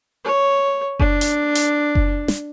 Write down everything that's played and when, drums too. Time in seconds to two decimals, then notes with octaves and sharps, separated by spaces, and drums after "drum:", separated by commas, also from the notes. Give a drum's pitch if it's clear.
0.24 C#5
1.00 D4, drum: kick F#1
1.21 drum: hi-hat
1.55 drum: hi-hat
1.95 drum: kick F#1
2.28 drum: snare